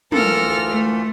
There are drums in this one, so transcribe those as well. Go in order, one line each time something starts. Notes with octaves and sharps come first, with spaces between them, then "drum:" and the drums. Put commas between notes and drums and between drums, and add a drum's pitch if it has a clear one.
D2 E3 F4 A4 A#4 F6, drum: tom
A3